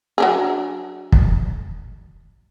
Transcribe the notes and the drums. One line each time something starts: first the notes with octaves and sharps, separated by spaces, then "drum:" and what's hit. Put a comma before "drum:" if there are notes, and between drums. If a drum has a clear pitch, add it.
F#3 D4 G#4
drum: kick